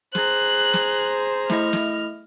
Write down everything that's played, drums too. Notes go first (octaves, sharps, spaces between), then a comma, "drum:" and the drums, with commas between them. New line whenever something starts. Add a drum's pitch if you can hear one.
G#4 C5 A#5 F#6, drum: snare
drum: snare
A3 E4 D#5 F6, drum: snare
drum: snare